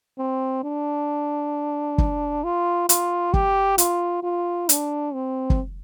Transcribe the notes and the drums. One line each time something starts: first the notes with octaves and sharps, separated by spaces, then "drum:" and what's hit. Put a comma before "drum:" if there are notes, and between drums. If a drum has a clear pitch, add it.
C4
D4
drum: kick F#1
F4
F4, drum: hi-hat
G4, drum: kick F#1
F4, drum: hi-hat
F4
D4, drum: hi-hat
C4
drum: kick F#1